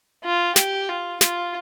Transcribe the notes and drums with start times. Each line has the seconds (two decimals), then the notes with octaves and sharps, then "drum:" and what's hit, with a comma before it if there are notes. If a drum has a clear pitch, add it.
0.24 F4
0.56 G4, drum: snare
0.89 F4
1.21 F4, drum: snare